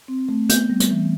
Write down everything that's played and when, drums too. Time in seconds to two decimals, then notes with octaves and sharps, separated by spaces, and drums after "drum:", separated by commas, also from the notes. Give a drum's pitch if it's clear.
0.08 C4
0.29 A3
0.49 B3 G6, drum: hi-hat
0.70 G3
0.80 drum: hi-hat
0.91 E3